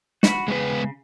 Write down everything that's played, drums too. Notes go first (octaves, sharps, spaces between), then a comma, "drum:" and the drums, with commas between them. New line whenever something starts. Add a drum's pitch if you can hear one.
F#4 B5, drum: snare
C#3 G#3 B3 B4